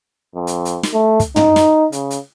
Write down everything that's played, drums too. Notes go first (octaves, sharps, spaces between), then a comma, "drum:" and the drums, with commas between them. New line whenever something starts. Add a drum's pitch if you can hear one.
F2
drum: hi-hat
drum: hi-hat
drum: snare
A3
drum: kick, hi-hat
D#4, drum: tom
drum: snare
C#3, drum: hi-hat
drum: hi-hat